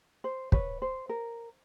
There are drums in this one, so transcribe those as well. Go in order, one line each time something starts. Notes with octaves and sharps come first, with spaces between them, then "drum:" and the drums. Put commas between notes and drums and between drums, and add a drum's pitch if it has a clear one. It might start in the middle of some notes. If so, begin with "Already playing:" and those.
C5
B4 C#5, drum: kick
C5
A#4